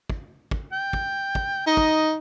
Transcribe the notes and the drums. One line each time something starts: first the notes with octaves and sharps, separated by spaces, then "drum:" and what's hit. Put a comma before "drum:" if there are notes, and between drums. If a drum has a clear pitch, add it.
drum: kick
drum: kick
G5
drum: kick
drum: kick
D#4 D#5
drum: kick